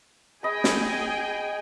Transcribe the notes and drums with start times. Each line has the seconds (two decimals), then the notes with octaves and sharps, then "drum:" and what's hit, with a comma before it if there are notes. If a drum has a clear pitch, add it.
0.43 G#4 D#5 G5 G#5 B5
0.64 drum: snare